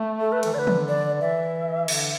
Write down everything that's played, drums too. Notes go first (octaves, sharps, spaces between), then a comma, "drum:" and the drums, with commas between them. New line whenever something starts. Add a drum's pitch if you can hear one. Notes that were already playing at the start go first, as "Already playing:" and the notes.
Already playing: A3
A4
B4
E3 A4, drum: cymbal
D3 B4 D5
drum: tom
D5
E3 E5
D3, drum: cymbal